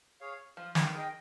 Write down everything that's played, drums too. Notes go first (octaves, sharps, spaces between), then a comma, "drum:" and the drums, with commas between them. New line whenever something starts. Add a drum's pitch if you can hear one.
G#4 C#5 F5
F3 F4
D#3, drum: snare
D#3 G#4 D#5 G5